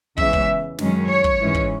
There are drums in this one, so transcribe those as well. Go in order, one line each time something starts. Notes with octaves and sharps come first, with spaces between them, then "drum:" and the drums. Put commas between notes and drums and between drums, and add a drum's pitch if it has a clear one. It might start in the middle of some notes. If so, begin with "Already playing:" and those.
E2 C#3 E3 G#3 E5, drum: kick
drum: kick
F#2 D#3 G#3 C#4, drum: snare
C#5
drum: kick
G#2 E3 G#3 C#4
drum: kick